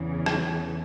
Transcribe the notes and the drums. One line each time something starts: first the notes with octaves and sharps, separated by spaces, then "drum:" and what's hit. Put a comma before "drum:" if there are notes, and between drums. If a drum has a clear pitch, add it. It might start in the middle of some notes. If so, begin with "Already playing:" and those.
Already playing: E2 C#3 E3
drum: rim click